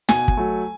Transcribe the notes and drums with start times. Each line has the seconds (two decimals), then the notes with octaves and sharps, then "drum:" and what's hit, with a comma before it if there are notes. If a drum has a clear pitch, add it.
0.09 B2 G#5, drum: snare
0.28 drum: kick
0.37 F#3 A3